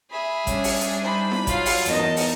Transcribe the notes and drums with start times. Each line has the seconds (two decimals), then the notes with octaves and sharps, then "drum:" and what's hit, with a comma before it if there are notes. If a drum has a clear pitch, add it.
0.11 G#4 E5 B5
0.47 G3 C#4 D4, drum: kick G#1, hi-hat
0.64 drum: open hi-hat
0.81 drum: hi-hat
1.01 D#4 C5 B5
1.32 drum: snare E4
1.47 F#3 F4 F5, drum: kick G#1, hi-hat
1.66 drum: open hi-hat
1.85 E2 D#4 A#4 D#5 A5, drum: hi-hat
1.99 drum: snare E4
2.16 drum: open hi-hat